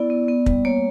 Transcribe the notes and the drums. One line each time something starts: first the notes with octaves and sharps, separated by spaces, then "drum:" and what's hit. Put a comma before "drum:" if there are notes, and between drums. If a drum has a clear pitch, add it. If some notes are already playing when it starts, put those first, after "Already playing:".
Already playing: B3 E4 D5
B3
B3
G3, drum: kick
A#3 C#5